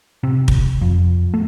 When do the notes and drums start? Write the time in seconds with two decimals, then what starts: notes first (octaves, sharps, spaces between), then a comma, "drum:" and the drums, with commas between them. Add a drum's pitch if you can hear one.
0.23 C3
0.48 drum: kick
0.81 F2
1.34 A3